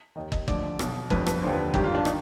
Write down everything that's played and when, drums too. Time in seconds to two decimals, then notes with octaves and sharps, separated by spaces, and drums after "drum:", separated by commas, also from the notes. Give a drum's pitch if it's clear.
0.16 D#2 D#3 D#5
0.32 D#5, drum: kick
0.48 D2 D3 F3 D5, drum: kick
0.79 B1 B2, drum: rim click
1.10 G1 F2 D3 F3 B4, drum: kick
1.26 B4, drum: rim click
1.42 D#2 D3 F3 C5
1.53 B4
1.74 G#1 G2 D#3 G4, drum: kick
1.84 F4
1.95 D4
2.05 D#3 D#4, drum: rim click